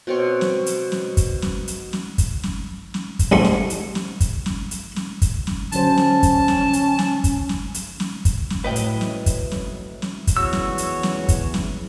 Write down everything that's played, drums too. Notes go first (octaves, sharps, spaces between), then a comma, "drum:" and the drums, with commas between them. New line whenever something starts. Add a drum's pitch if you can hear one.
B2 C4 C#5
drum: snare
drum: hi-hat
drum: snare
drum: kick, hi-hat
drum: snare
drum: hi-hat
drum: snare
drum: kick, hi-hat
drum: snare
drum: snare
drum: kick, hi-hat
A1 G#2 A3 C6
drum: snare
drum: hi-hat
drum: snare
drum: kick, hi-hat
drum: snare
drum: hi-hat
drum: snare
drum: kick, hi-hat
drum: snare
D3 F#3 C#4 C5 A5, drum: hi-hat
drum: snare
drum: kick, hi-hat
drum: snare
drum: hi-hat
drum: snare
drum: kick, hi-hat
drum: snare
drum: hi-hat
drum: snare
drum: kick, hi-hat
drum: snare
A2 C3 F#3 B4 D#5 G5
drum: hi-hat
drum: snare
drum: kick, hi-hat
drum: snare
drum: snare
drum: kick, hi-hat
E2 F#4 C#5 E6
drum: snare
drum: hi-hat
drum: snare
drum: kick, hi-hat
drum: snare